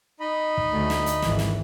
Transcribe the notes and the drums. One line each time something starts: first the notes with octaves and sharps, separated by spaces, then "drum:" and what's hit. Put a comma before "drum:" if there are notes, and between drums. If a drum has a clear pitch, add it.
D#4 D#5 B5
drum: kick
D2 A3
drum: snare
drum: hi-hat
G#1 E3, drum: snare
drum: snare